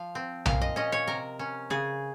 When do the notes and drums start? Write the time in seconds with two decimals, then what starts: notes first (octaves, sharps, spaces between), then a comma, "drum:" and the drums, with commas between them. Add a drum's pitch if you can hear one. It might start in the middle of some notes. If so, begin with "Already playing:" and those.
Already playing: F3 F5
0.15 C4
0.46 A#2 F5, drum: tom B1
0.61 D#5
0.76 C#4 D#5
0.92 C#5
1.07 C3 A#4
1.39 C#4
1.70 C#3 G#4